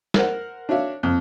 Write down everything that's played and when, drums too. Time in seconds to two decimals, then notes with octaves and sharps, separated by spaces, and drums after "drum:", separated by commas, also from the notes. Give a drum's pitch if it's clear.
0.14 A#4 C5 F#5, drum: snare
0.69 D4 F#4 C#5 E5 F5
1.03 F2